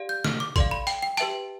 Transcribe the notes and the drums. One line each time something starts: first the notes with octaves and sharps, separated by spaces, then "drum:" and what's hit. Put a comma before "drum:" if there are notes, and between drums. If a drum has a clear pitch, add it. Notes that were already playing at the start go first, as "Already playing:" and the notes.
Already playing: G4 D5 F5
G6
F6, drum: snare
D6
A4 D5 F5 C6, drum: kick, hi-hat
B5
G5, drum: hi-hat
G5
G4 B4 E5 G5 A5, drum: hi-hat